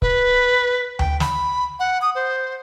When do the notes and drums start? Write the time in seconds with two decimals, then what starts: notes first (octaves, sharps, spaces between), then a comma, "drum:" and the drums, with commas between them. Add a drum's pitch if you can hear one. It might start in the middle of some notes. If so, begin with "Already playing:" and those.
0.02 B4, drum: kick C#1
0.99 G5, drum: tom D2
1.20 B5, drum: snare
1.79 F#5
2.02 D#6
2.15 C5